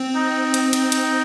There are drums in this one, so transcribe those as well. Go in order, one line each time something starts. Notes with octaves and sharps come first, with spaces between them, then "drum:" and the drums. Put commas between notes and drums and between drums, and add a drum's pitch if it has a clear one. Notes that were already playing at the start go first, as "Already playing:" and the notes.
Already playing: C4
D#4
drum: hi-hat
drum: hi-hat
drum: hi-hat